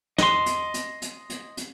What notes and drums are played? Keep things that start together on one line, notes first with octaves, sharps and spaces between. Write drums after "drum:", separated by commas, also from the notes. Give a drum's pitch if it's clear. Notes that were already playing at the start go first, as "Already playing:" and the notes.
D#5 C6, drum: snare
drum: hi-hat
drum: hi-hat
drum: hi-hat
drum: hi-hat
drum: hi-hat